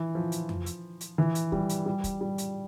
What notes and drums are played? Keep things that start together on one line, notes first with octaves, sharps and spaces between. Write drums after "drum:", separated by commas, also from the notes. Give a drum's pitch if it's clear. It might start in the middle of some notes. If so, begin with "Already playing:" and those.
Already playing: E3
F3
drum: hi-hat
drum: tom F2
drum: hi-hat
drum: hi-hat
E3
drum: hi-hat
G3, drum: kick
drum: hi-hat
G3
drum: kick, hi-hat
G3
drum: hi-hat